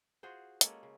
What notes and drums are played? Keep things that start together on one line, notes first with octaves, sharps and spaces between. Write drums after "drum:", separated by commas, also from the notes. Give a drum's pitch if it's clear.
F4 F#4 G#4 C5
G#3 A#3 C#4 A4, drum: hi-hat
C#3